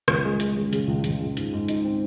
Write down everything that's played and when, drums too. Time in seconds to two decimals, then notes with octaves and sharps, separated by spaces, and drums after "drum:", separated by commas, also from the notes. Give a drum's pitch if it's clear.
0.08 C#2, drum: rim click
0.25 G#3
0.40 G#3, drum: hi-hat
0.56 C#3
0.73 C#3, drum: hi-hat
0.88 C#2
1.04 C#2, drum: hi-hat
1.20 C#2
1.37 G#2, drum: hi-hat
1.53 G#2
1.68 D#4, drum: hi-hat
1.84 C4